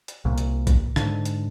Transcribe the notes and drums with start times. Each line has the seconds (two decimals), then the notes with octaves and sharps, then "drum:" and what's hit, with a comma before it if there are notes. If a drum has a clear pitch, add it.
0.08 drum: hi-hat
0.25 C2 A#2
0.38 drum: hi-hat
0.67 drum: kick A#1, hi-hat
0.96 G#2 D3, drum: rim click
1.25 drum: hi-hat